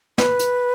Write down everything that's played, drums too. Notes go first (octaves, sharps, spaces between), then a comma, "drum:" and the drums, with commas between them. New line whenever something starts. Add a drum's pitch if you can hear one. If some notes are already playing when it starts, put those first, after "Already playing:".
B4, drum: snare
drum: hi-hat